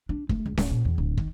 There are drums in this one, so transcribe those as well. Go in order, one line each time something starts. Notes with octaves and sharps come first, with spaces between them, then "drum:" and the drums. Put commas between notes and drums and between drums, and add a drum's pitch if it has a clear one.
D4
A3, drum: kick
C#2
D1, drum: snare C#4
A#2
E2
D1
D#3, drum: kick